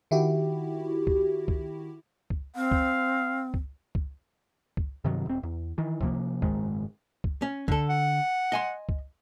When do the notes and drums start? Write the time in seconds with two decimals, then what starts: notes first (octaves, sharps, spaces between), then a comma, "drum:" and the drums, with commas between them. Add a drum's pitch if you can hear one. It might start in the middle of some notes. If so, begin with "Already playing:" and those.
0.11 D#3 E4 F#4 G4
1.07 drum: kick C#2
1.48 drum: kick C#2
2.30 drum: kick C#2
2.56 C4 F5
2.72 drum: kick C#2
3.54 drum: kick C#2
3.95 drum: kick C#2
4.77 drum: kick C#2
5.04 G2 C3 D#3 F#3
5.26 E1 C4
5.43 E2
5.78 D#3 E3
6.01 C3 F3 A#3, drum: kick C#2
6.42 F#1 G#2 D#3 G#3, drum: kick C#2
7.24 drum: kick C#2
7.42 C#4
7.68 D3 A4, drum: kick C#2
7.89 F#5
8.52 D#5 G#5 C6
8.89 drum: kick C#2